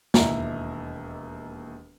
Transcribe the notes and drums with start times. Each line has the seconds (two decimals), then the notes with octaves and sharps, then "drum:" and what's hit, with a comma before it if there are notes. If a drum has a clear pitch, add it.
0.14 E1 D#2 E4 A#5, drum: snare